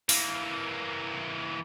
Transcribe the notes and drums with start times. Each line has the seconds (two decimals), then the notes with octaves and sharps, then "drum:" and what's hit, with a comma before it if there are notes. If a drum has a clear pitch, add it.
0.09 E3 A#3, drum: open hi-hat